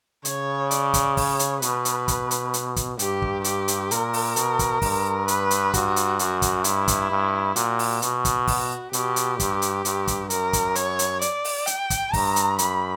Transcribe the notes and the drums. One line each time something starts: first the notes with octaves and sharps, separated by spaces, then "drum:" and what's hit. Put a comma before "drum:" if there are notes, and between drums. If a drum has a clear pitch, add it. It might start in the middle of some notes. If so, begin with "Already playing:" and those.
C#3 C#5, drum: hi-hat
D5, drum: hi-hat
drum: kick, hi-hat
C#5, drum: kick, open hi-hat
drum: hi-hat
B2 B4, drum: hi-hat
drum: hi-hat
drum: kick, hi-hat
drum: hi-hat
drum: hi-hat
drum: kick, hi-hat
G2 G4, drum: hi-hat
drum: kick
G4, drum: hi-hat
drum: hi-hat
A#2 A#4, drum: hi-hat
drum: open hi-hat
B2, drum: hi-hat
drum: kick, hi-hat
G2, drum: kick, open hi-hat
B4, drum: hi-hat
drum: hi-hat
G2 F#4, drum: kick, hi-hat
drum: hi-hat
F#2 F#4, drum: hi-hat
drum: kick, hi-hat
G2 E4, drum: hi-hat
drum: kick, hi-hat
G2
A#2 F#4, drum: hi-hat
drum: open hi-hat
B2, drum: hi-hat
drum: kick, hi-hat
F#4, drum: kick, open hi-hat
B2 G4, drum: hi-hat
drum: hi-hat
G2, drum: kick, hi-hat
drum: hi-hat
G2, drum: hi-hat
drum: kick, hi-hat
F#2 A#4, drum: hi-hat
drum: kick, hi-hat
C#5, drum: hi-hat
drum: hi-hat
D5, drum: hi-hat
drum: open hi-hat
G5, drum: hi-hat
drum: kick, hi-hat
G2 A#5, drum: kick, open hi-hat
drum: hi-hat
F#2 B5, drum: hi-hat